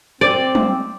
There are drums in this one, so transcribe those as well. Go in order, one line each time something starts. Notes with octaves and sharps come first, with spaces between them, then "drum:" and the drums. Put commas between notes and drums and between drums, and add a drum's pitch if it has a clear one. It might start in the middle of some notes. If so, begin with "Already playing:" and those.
C4 D5
drum: tom F#3